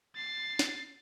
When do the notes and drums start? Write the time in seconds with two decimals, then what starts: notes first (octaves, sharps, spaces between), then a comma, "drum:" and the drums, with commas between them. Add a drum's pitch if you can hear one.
0.16 A6 C7
0.59 drum: snare